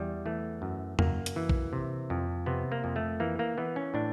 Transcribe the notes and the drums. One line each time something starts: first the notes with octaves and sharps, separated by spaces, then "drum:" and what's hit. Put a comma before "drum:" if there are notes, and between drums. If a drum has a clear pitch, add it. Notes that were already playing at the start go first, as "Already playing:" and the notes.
Already playing: E2 G3
E3 A3
F#2
F#2 A#3, drum: tom E2
drum: hi-hat
E3
drum: kick A#1
C3
F2
C3 B3
A#3
F2
A3
E3 A#3
A#3
E3 B3
C#4
A2 D4